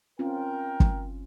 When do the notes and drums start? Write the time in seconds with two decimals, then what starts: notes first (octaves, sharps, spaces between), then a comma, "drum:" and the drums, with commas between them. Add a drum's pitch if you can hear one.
0.19 C4 C#4 F4 A#4 G5
0.80 drum: kick G1